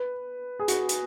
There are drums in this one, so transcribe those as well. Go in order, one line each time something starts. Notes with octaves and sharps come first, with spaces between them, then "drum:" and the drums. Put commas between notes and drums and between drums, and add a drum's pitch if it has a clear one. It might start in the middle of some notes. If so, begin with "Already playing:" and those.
Already playing: B4
G#4
F#4, drum: hi-hat
drum: hi-hat